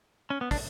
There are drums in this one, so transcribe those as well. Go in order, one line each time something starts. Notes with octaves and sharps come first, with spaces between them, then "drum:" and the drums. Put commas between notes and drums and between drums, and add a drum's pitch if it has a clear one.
C#4
B3
D4, drum: kick, open hi-hat